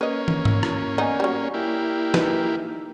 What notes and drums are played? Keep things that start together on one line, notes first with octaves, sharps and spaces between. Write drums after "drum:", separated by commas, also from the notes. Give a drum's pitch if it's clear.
A#3 C#4 B4 D#5
drum: tom
drum: tom G#2
drum: rim click
B3 D#4 D5 G#5
F#3 G3
A#3 E4 G4
D#4 B4, drum: snare